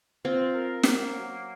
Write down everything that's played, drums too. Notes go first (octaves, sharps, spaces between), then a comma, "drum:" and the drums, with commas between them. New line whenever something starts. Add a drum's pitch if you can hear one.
C4 F4
A#4
A#3, drum: snare
F#3